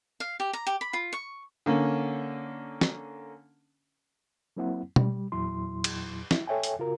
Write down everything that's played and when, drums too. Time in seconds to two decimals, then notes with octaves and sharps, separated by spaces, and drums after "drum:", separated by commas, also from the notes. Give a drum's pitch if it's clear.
0.20 F5
0.40 G4
0.53 A#5
0.67 G4
0.81 B5
0.93 F4
1.13 C#6
1.66 D3 A#3 C#4
2.81 drum: snare
4.57 F#3 A#3 C4 E4 F#5
4.96 G3, drum: tom B2
5.32 E2 A#2 F#3 E4 C6
5.84 drum: cymbal
6.31 E4, drum: snare
6.47 A4 C#5 E5 G5 G#5
6.64 drum: hi-hat
6.79 C#3 F4 F#4 A#4